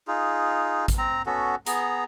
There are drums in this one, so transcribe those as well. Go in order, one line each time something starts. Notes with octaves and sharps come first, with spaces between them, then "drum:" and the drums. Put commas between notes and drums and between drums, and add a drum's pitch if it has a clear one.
D#4 F4 G#4
drum: kick A1, hi-hat
C4 A#5
B3 C#4 F#4 A4
B3 G#4 A#5, drum: hi-hat